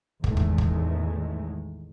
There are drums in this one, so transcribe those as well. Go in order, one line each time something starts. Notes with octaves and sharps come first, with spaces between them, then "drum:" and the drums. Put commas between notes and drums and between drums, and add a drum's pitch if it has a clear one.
A1 E2 D#3 G#3 A3, drum: kick
drum: kick
drum: kick